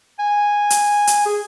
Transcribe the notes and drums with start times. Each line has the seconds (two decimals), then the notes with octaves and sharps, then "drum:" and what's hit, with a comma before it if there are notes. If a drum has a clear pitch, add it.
0.19 G#5
0.70 drum: hi-hat
1.07 drum: hi-hat
1.26 G#4